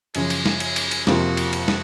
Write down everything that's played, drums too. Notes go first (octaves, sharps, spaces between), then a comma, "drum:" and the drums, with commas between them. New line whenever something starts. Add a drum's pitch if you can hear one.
F#2 C#3 F3 G#3 G#4, drum: cymbal
drum: cymbal
drum: snare
G#3 G#4, drum: cymbal
drum: cymbal
drum: cymbal
F2 C3 F3 A#3 F4 F#4, drum: snare
drum: cymbal
F#4, drum: cymbal
drum: snare